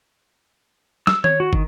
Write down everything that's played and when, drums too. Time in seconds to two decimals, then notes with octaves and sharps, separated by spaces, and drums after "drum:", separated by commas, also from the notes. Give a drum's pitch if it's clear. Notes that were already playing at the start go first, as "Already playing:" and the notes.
1.07 E6, drum: snare
1.24 C#5, drum: tom D#3
1.40 F#4
1.53 D#3, drum: kick